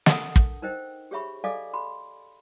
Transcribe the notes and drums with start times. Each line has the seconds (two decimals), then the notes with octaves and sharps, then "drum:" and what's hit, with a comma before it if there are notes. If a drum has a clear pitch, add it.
0.06 D4 A4 A#4 F#5 A5 D#6, drum: snare
0.36 drum: kick
0.62 D#4 A#4 C5 D#5 G5
1.11 G4 G#4 C#5 E5 B5 C#6
1.44 A4 D5 D#5 F5 G#5 D6
1.74 B5 C6